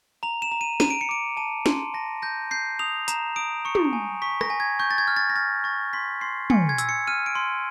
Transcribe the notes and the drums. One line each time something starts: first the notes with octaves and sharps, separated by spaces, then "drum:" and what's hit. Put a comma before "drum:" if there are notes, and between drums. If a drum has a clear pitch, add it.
A#5 F7
E7
A#5
D#7
A#5 D#7, drum: snare
D7
C#7
D6 D7
A5 D#7
C6, drum: snare
A5 A#6
G6 A#6
G6 C7
D#6 F7
A#5 E7, drum: hi-hat
D#6 D7
C#6 C#7
drum: tom
G#5
C#6 B6
A#6, drum: rim click
G#5
G#6
C#6 G6
A6
G#6
F6
A6
A#6
F6 A6
C#6 A6
C6 B6
C6 C7
G#5 C#7, drum: tom
G#6
E6, drum: hi-hat
C#7
F6 D#7
D7
C6